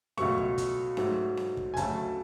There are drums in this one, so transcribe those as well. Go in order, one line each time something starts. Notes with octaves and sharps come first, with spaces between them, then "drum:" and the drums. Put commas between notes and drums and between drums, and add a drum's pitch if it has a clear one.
C#2 B2 F#3 A3 C#6, drum: snare C#4
drum: kick
drum: kick, hi-hat
G#2 F#3 A3, drum: snare C#4
drum: snare C#4
drum: kick
G#5
D2 C#3 F#3 A3 A5, drum: kick, hi-hat